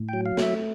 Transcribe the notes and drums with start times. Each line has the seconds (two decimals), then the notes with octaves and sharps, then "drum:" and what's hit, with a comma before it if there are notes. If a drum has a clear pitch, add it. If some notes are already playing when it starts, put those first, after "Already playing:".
Already playing: A2
0.09 F#3 G5
0.26 F5
0.37 A3 E5, drum: snare